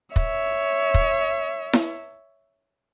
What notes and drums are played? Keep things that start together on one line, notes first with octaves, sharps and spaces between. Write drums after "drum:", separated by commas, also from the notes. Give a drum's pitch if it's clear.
C#5 E5, drum: kick
drum: kick
drum: snare E4